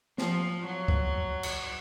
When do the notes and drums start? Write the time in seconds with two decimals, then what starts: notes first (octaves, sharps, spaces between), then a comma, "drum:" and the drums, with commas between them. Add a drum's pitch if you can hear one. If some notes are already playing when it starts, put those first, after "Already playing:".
0.18 F3, drum: snare
0.66 F#3
0.88 drum: kick C#2
1.43 drum: cymbal